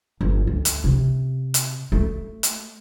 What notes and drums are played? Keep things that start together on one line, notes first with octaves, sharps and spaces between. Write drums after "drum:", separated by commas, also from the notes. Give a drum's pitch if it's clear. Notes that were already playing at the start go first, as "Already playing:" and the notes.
G1
D2
drum: hi-hat
C3
drum: hi-hat
A3
drum: hi-hat